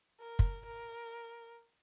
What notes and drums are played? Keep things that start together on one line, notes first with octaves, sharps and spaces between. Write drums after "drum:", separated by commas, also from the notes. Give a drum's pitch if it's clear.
A#4
drum: kick
A#4